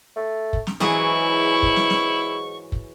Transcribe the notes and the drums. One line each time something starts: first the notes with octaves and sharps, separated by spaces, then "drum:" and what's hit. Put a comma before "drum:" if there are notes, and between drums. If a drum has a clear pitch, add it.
A3
drum: kick
drum: snare
G#2 E3 F#3 E4 G#4 C#6, drum: snare
drum: kick
drum: snare
drum: snare
drum: kick